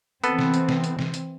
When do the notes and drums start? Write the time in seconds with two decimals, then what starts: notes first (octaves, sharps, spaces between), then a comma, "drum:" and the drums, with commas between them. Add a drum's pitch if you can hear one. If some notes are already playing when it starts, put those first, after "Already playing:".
0.24 E3 B3 C4 A4 B4, drum: hi-hat
0.39 drum: snare C3
0.54 drum: hi-hat
0.69 drum: snare C3
0.84 drum: hi-hat
0.99 drum: snare C3
1.14 drum: hi-hat